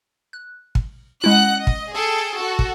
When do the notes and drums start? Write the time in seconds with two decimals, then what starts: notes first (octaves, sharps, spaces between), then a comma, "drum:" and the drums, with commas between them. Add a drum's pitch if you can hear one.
0.33 F#6
0.75 drum: kick
1.24 G#3 C#4 E4 D#5 F#5 F#6
1.58 D#5
1.67 drum: kick
1.93 G#4 A4 G5
2.36 F#4 A4
2.59 drum: kick